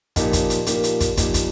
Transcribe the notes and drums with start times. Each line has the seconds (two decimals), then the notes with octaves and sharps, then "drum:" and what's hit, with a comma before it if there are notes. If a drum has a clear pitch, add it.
0.16 A#2 F3 A#3 D#4 G4, drum: kick, hi-hat
0.33 drum: kick, hi-hat
0.50 drum: hi-hat
0.66 A#2 F3 A#3 D#4 G4, drum: hi-hat
0.84 drum: hi-hat
1.00 drum: kick, hi-hat
1.17 A#2 F3 A#3 D#4 G4, drum: kick, hi-hat
1.34 drum: kick, hi-hat